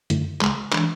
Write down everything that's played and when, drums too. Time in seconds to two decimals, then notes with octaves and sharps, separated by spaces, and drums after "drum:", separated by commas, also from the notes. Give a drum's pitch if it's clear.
0.10 F#2 D3 A3 E4, drum: hi-hat
0.41 C#2 C#3 G#3, drum: clap
0.73 E3 G#3 D4, drum: clap